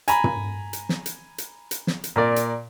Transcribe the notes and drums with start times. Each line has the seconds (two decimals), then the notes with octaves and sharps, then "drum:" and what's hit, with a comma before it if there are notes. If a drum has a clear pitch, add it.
0.08 G#5 A#5 B5, drum: hi-hat
0.24 drum: tom
0.73 drum: hi-hat
0.89 drum: snare
1.06 drum: hi-hat
1.38 drum: hi-hat
1.71 drum: hi-hat
1.87 drum: snare
2.04 drum: hi-hat
2.16 A#2 A#4 D5
2.36 drum: hi-hat